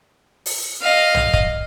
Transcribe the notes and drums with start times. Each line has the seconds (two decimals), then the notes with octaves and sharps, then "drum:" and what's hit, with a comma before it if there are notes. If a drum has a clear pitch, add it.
0.46 drum: open hi-hat
0.82 D#5 F5
1.15 drum: tom A#1
1.34 drum: kick